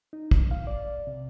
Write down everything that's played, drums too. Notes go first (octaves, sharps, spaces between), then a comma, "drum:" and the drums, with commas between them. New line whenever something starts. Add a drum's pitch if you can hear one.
D#4
B2, drum: kick
F5
D5
C3